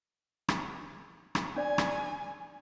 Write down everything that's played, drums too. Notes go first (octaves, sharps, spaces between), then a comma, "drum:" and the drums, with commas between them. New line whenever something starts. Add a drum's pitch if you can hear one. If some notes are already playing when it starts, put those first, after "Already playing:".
drum: rim click
drum: rim click
D4 D5 G#5
drum: rim click